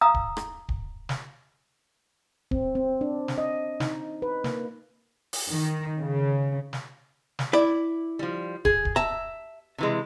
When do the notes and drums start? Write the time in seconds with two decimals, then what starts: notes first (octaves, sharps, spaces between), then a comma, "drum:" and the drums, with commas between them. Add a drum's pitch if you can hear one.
0.01 F5 A#5 D#6 E6
0.14 drum: kick
0.37 drum: rim click
0.69 drum: kick
1.09 drum: snare
2.51 C4, drum: kick
2.75 C4
3.01 D4
3.28 drum: snare
3.38 D#5
3.80 D#4, drum: snare
4.22 B4
4.44 A#3, drum: snare
5.33 drum: open hi-hat
5.50 D#3
6.00 C#3
6.73 drum: snare
7.39 drum: snare
7.53 E4 D5
8.19 F3 G3
8.65 G#4, drum: kick
8.85 drum: kick
8.96 E5 A5 A#5
9.78 C3 E3 G#3